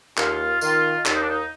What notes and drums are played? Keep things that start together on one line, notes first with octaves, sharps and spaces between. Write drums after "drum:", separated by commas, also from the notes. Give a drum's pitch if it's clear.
D#2 F4, drum: clap
D#3 F4, drum: tambourine
D#2 F4, drum: clap
D#4
D4
D#4